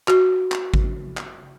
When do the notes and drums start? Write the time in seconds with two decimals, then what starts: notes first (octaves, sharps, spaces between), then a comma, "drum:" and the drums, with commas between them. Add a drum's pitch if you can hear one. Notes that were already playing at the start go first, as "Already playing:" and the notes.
0.08 F#4, drum: clap
0.52 drum: clap
0.74 drum: kick G#1
1.17 drum: clap